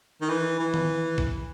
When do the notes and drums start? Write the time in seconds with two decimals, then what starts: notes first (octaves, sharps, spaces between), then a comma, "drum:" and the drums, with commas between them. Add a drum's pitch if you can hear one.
0.21 D#3
0.29 E3
0.60 E3
0.74 drum: tom D#3
1.18 drum: kick